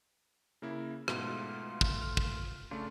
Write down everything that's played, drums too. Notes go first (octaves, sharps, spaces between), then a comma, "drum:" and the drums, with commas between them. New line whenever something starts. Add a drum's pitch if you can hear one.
C#3 A#3 E4
G#2 B2 A3 F4 A4, drum: rim click
drum: kick
F6
drum: kick
C#3 A3 D4 F4